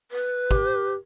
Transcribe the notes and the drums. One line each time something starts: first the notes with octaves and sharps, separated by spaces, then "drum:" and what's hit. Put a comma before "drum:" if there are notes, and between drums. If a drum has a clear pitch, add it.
B4
G4, drum: kick